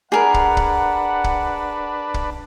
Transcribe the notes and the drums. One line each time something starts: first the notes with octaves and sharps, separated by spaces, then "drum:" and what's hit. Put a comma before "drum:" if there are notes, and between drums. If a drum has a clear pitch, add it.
D4 G#4 A#4 B4 F#5
drum: kick
drum: kick
drum: kick
drum: kick